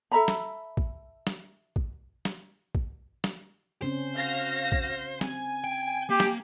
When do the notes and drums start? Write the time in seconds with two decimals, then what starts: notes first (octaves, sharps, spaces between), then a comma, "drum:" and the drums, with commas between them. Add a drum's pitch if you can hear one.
0.12 A4 E5 A#5 B5
0.28 drum: snare
0.77 drum: kick
1.27 drum: snare
1.76 drum: kick
2.25 drum: snare
2.75 drum: kick
3.24 drum: snare
3.82 C#3 C4 C#4 C5
4.15 F#4 F5 A#6
4.72 drum: kick
5.21 C4 G#5, drum: snare
5.64 G5
6.10 A#3 G4
6.20 drum: snare